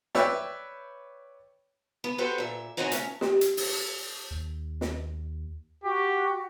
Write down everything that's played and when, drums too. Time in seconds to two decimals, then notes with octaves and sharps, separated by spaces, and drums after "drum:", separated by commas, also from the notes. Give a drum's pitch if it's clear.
0.15 B4 C#5 D5 E5 G5 E6, drum: snare
2.04 B3
2.18 F#4 G4 A4 B4 C5
2.38 A#2 E5
2.77 B2 C4 D#4 F#4 C#5 G#5
2.92 A3 C#4, drum: hi-hat
3.21 G4, drum: snare
3.41 drum: hi-hat
3.57 drum: open hi-hat
4.31 D#2
4.81 drum: snare
5.84 F#4 G4